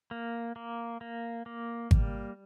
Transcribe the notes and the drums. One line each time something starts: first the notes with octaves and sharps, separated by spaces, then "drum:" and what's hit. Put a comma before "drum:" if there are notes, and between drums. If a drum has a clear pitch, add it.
A#3
A#3
A#3
A#3
G3, drum: kick G#1